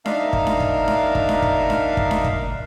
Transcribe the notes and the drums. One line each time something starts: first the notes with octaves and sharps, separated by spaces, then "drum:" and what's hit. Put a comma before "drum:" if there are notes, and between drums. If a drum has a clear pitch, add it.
D4 D#4 A#4 E5 F5, drum: snare D4
drum: kick
drum: snare D4
drum: kick
drum: snare D4
drum: kick
drum: snare D4
drum: kick
drum: snare D4
drum: kick
drum: snare D4
drum: kick